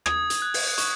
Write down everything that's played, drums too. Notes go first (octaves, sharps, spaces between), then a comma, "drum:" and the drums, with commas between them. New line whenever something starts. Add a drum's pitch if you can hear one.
D#6 G#6, drum: rim click
drum: hi-hat
F#6
drum: open hi-hat
C#6, drum: hi-hat